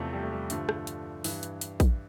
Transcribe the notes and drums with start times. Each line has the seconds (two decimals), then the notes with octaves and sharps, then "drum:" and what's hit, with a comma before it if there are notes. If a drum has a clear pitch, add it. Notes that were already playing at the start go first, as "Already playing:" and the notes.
Already playing: E2 C3 F3 A3
0.13 G3
0.23 A3
0.33 G3
0.50 G2 D3 F3 A3, drum: hi-hat
0.69 drum: rim click
0.87 drum: hi-hat
1.24 G2 E3, drum: open hi-hat
1.43 drum: hi-hat
1.61 drum: hi-hat
1.80 drum: kick A#1, hi-hat